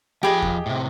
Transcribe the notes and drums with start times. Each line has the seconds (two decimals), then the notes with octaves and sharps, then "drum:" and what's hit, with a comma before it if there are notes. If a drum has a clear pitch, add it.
0.23 F3 G4 G#4 D#5 B5
0.42 drum: kick E2
0.66 A2 C3